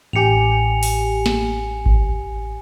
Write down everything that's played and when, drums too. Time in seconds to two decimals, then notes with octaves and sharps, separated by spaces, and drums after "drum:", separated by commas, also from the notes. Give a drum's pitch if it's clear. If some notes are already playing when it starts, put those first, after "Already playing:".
0.13 A1 G4 G#5 C#7 F7
0.83 drum: open hi-hat
1.26 drum: snare
1.86 drum: kick G#1